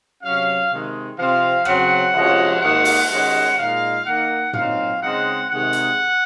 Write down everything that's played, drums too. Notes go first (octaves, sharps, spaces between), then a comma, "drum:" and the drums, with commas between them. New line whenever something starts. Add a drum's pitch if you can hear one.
C3 F#3 C#4 F5
C3 D#3 G#3
C3 F3 C4 F5
C#3 F#3 C4 F#5, drum: rim click
C3 F3 G#3 C#4, drum: cymbal
G#2 D#3 A#3 D#4 F#5
drum: open hi-hat
D#3 G#3 C#4 F#5
A#2 G#3 D#4 F5
D#3 A#3 D#4 F#5
A#2 F#3 C4 D#4 F5, drum: tom
C#3 G#3 C4 D#4 F#5
C3 D#3 G#3 D#4 F#5
drum: hi-hat